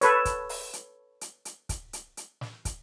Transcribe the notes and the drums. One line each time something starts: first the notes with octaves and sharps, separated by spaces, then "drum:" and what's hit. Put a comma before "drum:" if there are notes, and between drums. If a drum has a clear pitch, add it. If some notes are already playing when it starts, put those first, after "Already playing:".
A4 B4 C#5, drum: hi-hat
drum: kick, hi-hat
drum: open hi-hat
drum: hi-hat
drum: hi-hat
drum: hi-hat
drum: kick, hi-hat
drum: hi-hat
drum: hi-hat
drum: snare
drum: kick, hi-hat